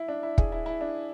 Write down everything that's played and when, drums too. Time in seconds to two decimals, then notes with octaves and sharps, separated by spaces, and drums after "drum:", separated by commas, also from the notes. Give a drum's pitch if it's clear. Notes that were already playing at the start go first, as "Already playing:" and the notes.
Already playing: E4
0.08 D4
0.23 E4
0.38 G#4, drum: kick
0.52 E4
0.66 E4
0.81 D4